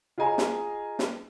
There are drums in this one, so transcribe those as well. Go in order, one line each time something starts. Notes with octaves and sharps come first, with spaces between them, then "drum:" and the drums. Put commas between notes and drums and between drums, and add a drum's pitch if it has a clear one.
F4 G#4 D#5 G#5 A#5
drum: snare
drum: snare